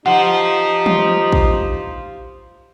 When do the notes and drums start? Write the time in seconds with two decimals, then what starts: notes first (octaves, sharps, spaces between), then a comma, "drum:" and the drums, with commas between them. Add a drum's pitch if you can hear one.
0.06 D#4 F4 G4 C5 F#5
0.86 drum: tom
1.32 drum: kick